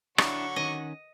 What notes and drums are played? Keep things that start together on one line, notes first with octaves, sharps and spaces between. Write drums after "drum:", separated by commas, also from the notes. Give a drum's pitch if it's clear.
D3 F#3 D4 E4 F#5 C#6, drum: rim click
D#3 C#4 D#5